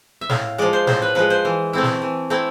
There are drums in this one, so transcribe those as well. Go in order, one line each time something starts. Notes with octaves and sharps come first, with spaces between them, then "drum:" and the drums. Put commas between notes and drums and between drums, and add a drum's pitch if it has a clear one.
E5
A2 F5, drum: snare
F3 G#3 D5
C5
A2 C5, drum: snare
B4
F3 G#3 B4
C5
E3
A3 C4 E4
drum: snare
E3
A3 C4 E4